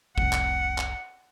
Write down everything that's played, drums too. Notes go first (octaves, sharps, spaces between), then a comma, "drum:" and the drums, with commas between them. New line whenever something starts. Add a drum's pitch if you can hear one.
F1 C2 F#5, drum: kick
drum: clap
drum: clap